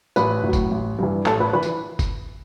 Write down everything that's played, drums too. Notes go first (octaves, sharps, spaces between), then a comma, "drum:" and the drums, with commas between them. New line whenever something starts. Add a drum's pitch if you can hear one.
A1 B4 B5, drum: tambourine
A2 F#3
drum: kick, tambourine
A1
G2 E3
A1 A4 A5, drum: clap
B4 B5
E3 B4 B5
drum: tambourine
drum: kick, tambourine